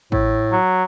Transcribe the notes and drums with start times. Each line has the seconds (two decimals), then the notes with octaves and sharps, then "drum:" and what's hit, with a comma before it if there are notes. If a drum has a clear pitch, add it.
0.12 A2, drum: kick A1
0.52 F#3